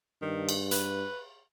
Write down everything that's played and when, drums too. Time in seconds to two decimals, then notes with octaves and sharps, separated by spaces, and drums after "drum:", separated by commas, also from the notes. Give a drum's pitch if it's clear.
0.22 G2 D#3
0.49 drum: cymbal
0.71 B4, drum: hi-hat